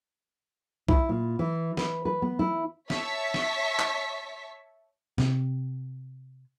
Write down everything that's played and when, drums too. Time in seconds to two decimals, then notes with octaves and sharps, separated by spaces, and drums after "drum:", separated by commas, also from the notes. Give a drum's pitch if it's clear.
0.89 E4, drum: kick B1
1.09 A#2
1.39 E3
1.77 B4, drum: snare
2.05 B4
2.22 B3
2.39 E4
2.90 C#5 E5 A5 C#6 B6, drum: snare
3.34 drum: snare
3.79 drum: clap
5.18 C3, drum: snare